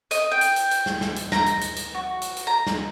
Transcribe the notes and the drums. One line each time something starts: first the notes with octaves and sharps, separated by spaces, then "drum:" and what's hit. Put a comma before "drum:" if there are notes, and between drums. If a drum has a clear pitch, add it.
D#5, drum: hi-hat
G5
drum: hi-hat
drum: hi-hat
drum: hi-hat
drum: snare
drum: snare
drum: hi-hat
A#5, drum: snare
drum: hi-hat
drum: hi-hat
drum: hi-hat
F#4
drum: hi-hat
drum: hi-hat
A#5
drum: snare